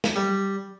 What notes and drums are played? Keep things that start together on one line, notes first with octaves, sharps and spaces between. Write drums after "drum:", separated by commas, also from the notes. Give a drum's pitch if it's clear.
drum: snare
G3